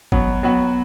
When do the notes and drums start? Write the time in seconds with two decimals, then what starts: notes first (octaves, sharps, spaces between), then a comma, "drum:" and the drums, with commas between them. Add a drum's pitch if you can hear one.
0.12 B2 F#3 B3, drum: kick G#1
0.43 F#3 B3 F#4